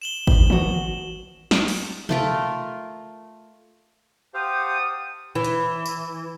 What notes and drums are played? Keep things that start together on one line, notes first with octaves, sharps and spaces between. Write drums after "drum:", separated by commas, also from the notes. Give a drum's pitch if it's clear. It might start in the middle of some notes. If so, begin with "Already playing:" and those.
E7 F#7 G7
drum: kick G1
D2 F#4, drum: tom D#3
drum: snare
drum: open hi-hat
A3 F4 A#4, drum: tom B2
G4 C5 F5 F#5 A5 D#6
E3
drum: hi-hat
drum: tambourine